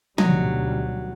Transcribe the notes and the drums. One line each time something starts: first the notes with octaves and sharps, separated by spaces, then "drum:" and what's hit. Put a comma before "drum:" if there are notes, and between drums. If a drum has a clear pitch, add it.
D2 B2 F#3 G3 D#4, drum: tom